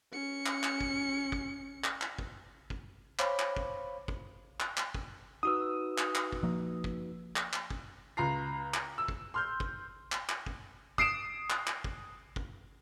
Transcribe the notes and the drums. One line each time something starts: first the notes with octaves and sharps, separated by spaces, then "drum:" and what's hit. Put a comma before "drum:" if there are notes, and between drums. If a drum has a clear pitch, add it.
C#4 C#7
drum: clap
drum: clap
drum: kick
drum: kick
drum: clap
drum: clap
drum: kick
drum: kick
C5 C#5 F5 B5 D6, drum: clap
drum: clap
drum: kick
drum: kick
drum: clap
drum: clap
drum: kick
D#4 F#4 B4 D#6 E6
drum: clap
drum: clap
drum: kick
F3 A#3
drum: kick
drum: clap
drum: clap
drum: kick
C#2 F4 A#5 C7
drum: clap
E6
drum: kick
C6 F6 G6
drum: kick
drum: clap
drum: clap
drum: kick
D#6 C7 D7 E7, drum: kick
drum: clap
drum: clap
drum: kick
drum: kick